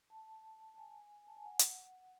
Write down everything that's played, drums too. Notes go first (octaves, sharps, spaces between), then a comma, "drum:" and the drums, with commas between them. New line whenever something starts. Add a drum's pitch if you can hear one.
A5
A5
G#5
A5
G#5
F#5
drum: hi-hat